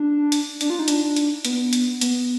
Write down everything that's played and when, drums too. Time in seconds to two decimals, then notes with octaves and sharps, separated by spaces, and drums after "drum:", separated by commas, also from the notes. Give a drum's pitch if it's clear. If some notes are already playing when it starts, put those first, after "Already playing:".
Already playing: D4
0.32 drum: hi-hat
0.61 D4, drum: hi-hat
0.70 F4
0.79 D#4
0.88 D4, drum: hi-hat
1.16 drum: hi-hat
1.45 B3, drum: hi-hat
1.73 drum: hi-hat
2.01 B3, drum: hi-hat